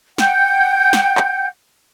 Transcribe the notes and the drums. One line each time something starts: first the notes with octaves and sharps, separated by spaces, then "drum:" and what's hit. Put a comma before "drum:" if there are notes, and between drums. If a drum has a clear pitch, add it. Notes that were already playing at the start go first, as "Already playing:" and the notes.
F#5 G5 G6, drum: snare
drum: snare
drum: clap